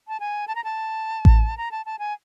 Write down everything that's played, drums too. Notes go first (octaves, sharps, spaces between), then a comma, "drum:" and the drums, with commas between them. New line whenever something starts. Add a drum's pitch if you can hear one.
A5
G#5
A5
A#5
A5
drum: kick A1
A#5
A5
A5
G#5